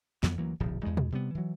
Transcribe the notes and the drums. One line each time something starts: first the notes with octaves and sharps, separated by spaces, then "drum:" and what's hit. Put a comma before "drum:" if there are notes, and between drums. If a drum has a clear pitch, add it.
F2 F3 F#3 B3, drum: snare
D2 E3 F#3 A#3
D1 A#1 C3 F3
E2 G2 G#3
drum: tom
C3 G3 B3
E3 F#3